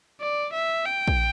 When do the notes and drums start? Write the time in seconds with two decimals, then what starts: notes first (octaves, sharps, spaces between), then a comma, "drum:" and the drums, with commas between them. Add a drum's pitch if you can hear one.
0.21 D5
0.54 E5
0.86 G5
1.08 drum: kick A#1